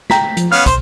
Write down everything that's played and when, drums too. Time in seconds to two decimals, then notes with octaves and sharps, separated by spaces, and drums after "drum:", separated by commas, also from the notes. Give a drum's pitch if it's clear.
0.10 G5 A#5 B6, drum: snare
0.37 F3, drum: hi-hat
0.52 B3 C#4 F5 F6
0.66 B1 C5, drum: kick, hi-hat